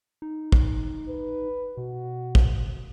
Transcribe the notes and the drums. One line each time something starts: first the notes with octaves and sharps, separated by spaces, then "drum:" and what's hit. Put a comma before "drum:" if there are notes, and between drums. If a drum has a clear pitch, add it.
D#4
drum: kick
B4
B2 F#4
drum: kick